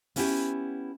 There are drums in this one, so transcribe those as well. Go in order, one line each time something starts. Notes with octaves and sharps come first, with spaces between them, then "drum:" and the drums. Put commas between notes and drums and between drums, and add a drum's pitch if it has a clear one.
B3 C#4 E4 G4 F5 G5, drum: open hi-hat